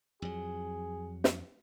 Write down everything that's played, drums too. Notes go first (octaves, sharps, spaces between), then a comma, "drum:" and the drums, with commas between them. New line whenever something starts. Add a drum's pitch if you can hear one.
F2 F#3 G#4
drum: snare